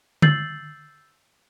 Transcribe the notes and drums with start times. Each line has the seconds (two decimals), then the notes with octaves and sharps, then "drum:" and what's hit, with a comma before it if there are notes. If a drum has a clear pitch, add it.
0.22 E6 G6 A6 C7 F#7, drum: tom D3